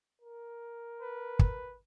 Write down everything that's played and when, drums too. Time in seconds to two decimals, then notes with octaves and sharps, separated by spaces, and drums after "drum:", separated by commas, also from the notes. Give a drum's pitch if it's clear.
0.22 A#4
1.01 B4
1.39 drum: kick